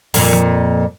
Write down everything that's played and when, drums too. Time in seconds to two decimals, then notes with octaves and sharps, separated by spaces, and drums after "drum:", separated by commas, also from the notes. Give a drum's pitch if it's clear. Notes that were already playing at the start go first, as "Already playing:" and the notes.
0.14 F2 A#2, drum: open hi-hat
0.33 drum: tom F3